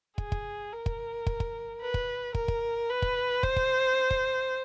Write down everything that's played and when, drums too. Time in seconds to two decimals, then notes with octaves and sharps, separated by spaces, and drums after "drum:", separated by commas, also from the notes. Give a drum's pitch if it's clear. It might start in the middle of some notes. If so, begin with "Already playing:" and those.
0.18 G#4, drum: kick
0.32 drum: kick
0.73 A#4
0.86 drum: kick
1.26 drum: kick
1.40 drum: kick
1.80 B4
1.94 drum: kick
2.34 A#4, drum: kick
2.48 drum: kick
2.89 B4
3.02 drum: kick
3.43 C5, drum: kick
3.56 drum: kick
4.11 drum: kick